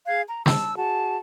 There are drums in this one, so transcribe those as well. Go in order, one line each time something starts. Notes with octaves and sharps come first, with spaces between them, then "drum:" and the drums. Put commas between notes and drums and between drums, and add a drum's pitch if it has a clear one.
G#4 F5 F#6 G#6
A#5
A5 E6, drum: snare
F#4 G#4 A5